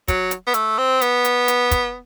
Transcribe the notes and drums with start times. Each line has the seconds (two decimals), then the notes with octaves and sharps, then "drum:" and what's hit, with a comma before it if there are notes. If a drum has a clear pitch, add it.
0.08 F#3, drum: kick, hi-hat
0.31 drum: hi-hat
0.47 B3
0.54 A3, drum: hi-hat
0.78 C4
1.01 B3, drum: hi-hat
1.25 drum: hi-hat
1.48 drum: hi-hat
1.71 drum: kick, hi-hat